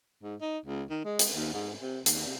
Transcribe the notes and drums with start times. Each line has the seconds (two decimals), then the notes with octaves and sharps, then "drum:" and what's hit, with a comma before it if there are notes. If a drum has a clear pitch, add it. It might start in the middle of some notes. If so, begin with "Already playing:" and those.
0.23 G#2
0.41 D#4
0.66 C#2
0.90 D#3
1.05 G#3
1.19 drum: hi-hat
1.35 D#2
1.54 G#2
1.81 C3
2.06 D#2, drum: hi-hat
2.26 C3